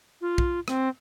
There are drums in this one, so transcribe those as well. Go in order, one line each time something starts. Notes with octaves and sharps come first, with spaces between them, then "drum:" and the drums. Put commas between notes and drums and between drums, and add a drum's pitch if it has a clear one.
F4
drum: kick
C4, drum: rim click